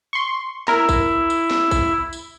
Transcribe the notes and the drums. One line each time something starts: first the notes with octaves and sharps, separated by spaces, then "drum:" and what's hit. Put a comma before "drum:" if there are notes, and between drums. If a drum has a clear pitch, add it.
C6 C#6
E4 A#4, drum: snare
drum: kick, tambourine
drum: tambourine
drum: snare
drum: kick, tambourine
drum: tambourine